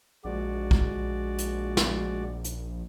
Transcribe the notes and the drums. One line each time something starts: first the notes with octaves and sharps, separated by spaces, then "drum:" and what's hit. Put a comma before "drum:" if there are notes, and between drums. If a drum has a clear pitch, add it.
A#1 G#3 F#4 D5
drum: kick B1
drum: hi-hat
drum: snare
drum: hi-hat